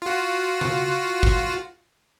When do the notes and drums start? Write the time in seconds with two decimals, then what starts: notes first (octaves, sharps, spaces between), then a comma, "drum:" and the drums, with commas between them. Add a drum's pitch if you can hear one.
0.02 F4 F#4
0.61 drum: tom C#3
1.23 drum: kick